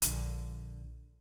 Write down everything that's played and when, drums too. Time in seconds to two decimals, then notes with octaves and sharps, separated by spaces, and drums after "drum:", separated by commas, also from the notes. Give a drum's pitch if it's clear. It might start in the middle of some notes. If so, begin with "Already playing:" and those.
0.02 A#1 D3, drum: hi-hat